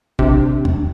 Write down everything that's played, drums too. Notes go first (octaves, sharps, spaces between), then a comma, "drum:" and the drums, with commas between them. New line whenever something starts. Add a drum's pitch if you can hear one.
C3 D4, drum: kick
drum: tom E2